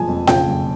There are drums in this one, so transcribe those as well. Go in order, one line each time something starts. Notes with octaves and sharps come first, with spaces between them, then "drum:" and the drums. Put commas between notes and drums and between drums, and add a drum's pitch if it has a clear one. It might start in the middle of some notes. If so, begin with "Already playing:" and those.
Already playing: F#1 F3 G#3 G#5 A5
F2
C#3 G5, drum: snare F4
F#1